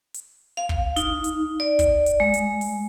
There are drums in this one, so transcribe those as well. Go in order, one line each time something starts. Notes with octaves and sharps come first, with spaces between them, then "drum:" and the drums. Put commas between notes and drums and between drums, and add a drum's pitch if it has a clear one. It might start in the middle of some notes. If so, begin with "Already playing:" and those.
drum: hi-hat
F5
drum: kick
D#4, drum: hi-hat
drum: hi-hat
D5
drum: kick, hi-hat
drum: hi-hat
G#3
drum: hi-hat
drum: open hi-hat